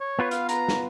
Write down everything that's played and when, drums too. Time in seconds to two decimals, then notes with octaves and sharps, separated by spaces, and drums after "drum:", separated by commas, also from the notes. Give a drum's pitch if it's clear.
0.01 C#5
0.19 B3 F4 B4
0.31 F5, drum: hi-hat
0.49 A#5, drum: hi-hat
0.68 drum: snare